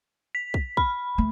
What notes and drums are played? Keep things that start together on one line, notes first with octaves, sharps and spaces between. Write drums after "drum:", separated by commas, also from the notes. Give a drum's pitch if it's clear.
B6
drum: kick
B5, drum: kick
A3